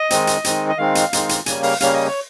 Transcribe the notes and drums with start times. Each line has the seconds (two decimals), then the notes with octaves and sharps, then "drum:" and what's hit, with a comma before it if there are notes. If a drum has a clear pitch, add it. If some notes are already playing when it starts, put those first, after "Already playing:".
Already playing: D#5
0.10 D#3 G#3 C4 D#4, drum: hi-hat
0.27 drum: hi-hat
0.44 D#3 G#3 C4 D#4, drum: hi-hat
0.69 D#5
0.78 D#3 G#3 C4 D#4 F5
0.95 drum: hi-hat
1.13 D#3 G#3 C4 D#4, drum: hi-hat
1.29 drum: hi-hat
1.46 C#3 G3 A#3 C#4 G#5, drum: hi-hat
1.63 F5, drum: open hi-hat
1.80 C#3 G3 A#3 C#4 F5, drum: hi-hat
1.93 D#5
2.07 C#5